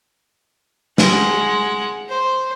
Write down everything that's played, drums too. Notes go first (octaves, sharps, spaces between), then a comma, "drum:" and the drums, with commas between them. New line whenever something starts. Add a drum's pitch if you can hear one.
G#3 F#5, drum: snare
C5